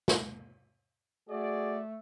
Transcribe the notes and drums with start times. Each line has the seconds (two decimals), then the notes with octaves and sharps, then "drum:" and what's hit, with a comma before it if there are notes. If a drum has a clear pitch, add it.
0.08 drum: snare
1.29 A3 F#4 G#4 D5